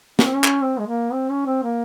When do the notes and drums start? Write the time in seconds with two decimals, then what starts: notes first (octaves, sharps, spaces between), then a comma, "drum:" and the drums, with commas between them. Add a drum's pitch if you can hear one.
0.19 C#4, drum: snare
0.25 C4
0.34 C#4
0.44 drum: clap
0.62 C4
0.79 G#3
0.87 A#3
1.13 C4
1.29 C#4
1.46 C4
1.63 A#3